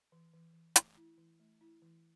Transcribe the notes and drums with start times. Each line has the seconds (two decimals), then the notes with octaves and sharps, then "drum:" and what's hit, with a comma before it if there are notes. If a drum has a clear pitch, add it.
0.12 E3
0.33 E3
0.54 E3
0.76 A3, drum: hi-hat
0.97 E4
1.18 E3
1.40 A3
1.61 E4
1.82 E3